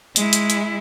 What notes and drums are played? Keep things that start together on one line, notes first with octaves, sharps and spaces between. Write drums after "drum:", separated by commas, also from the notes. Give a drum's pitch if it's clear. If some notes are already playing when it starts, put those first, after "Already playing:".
G#3 E4, drum: hi-hat
drum: hi-hat
drum: hi-hat